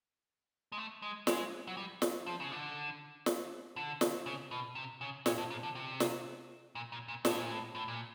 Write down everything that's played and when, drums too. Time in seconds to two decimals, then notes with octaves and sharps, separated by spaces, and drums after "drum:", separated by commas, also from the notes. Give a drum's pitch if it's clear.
0.72 G#3
0.78 A3
1.02 G#3
1.27 G#3, drum: snare
1.67 F#3
1.77 G3
2.02 drum: snare
2.27 F3
2.40 C#3
2.51 D3
3.26 drum: snare
3.76 D3
4.01 drum: snare
4.26 C#3
4.51 B2
4.75 C3
5.01 C#3
5.26 A#2, drum: snare
5.38 A2
5.50 A#2
5.63 D3
5.75 C3
6.00 drum: snare
6.75 A#2
6.92 A#2
7.08 A#2
7.25 A2, drum: snare
7.38 A#2
7.51 A2
7.75 A2
7.88 A#2